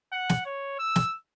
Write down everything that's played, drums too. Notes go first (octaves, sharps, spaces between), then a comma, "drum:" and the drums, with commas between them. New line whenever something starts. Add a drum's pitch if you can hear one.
F#5
drum: snare
C#5
E6
drum: snare